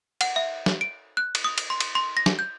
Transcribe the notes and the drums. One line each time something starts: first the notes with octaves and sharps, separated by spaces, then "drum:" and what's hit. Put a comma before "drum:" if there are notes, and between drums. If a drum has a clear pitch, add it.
F#5, drum: cymbal
E5
drum: snare
D7
F#6
drum: cymbal
D#6
drum: cymbal
C6
drum: cymbal
C6
A#6
drum: snare
G6